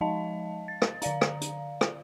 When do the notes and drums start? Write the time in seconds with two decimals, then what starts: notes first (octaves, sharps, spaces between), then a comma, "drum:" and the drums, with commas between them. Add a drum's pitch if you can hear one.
0.01 F3 G#3 D#4 D#5 F5 A5
0.68 A6
0.82 drum: rim click
1.02 D3 D5 F5 A#5, drum: hi-hat
1.21 drum: rim click
1.41 drum: hi-hat
1.81 drum: rim click